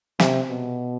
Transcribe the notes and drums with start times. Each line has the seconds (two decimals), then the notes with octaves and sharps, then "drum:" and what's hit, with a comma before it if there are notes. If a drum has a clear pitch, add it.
0.19 C3, drum: snare
0.49 B2